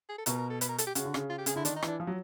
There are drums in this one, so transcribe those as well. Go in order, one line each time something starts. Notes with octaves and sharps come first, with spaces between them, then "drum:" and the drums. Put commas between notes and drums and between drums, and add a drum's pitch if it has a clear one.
G#4
A4
B2 A#4, drum: hi-hat
A#4
A4
B4, drum: hi-hat
A#4
A4, drum: hi-hat
G4
C#3 F#4, drum: hi-hat
D3
C#3, drum: rim click
F4
G4
C#3 G#4, drum: hi-hat
D3 E4
D#3 D4, drum: hi-hat
D#4
E3, drum: rim click
D4
F3
F#3